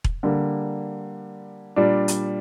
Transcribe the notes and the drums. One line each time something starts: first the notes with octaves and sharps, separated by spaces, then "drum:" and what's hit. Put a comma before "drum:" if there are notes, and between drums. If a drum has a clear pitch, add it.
drum: kick E1
D3 G3 A#3
A#2 G3 D4
drum: hi-hat